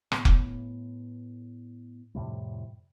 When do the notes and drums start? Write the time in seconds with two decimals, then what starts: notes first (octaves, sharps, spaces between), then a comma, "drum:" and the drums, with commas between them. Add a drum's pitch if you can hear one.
0.12 A2 B3, drum: rim click
0.25 drum: kick F1
2.15 F2 A2 C3 G3